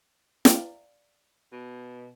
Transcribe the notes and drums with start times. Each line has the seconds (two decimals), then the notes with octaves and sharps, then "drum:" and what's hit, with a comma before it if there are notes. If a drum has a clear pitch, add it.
0.45 D5 F5 G5, drum: snare
1.52 B2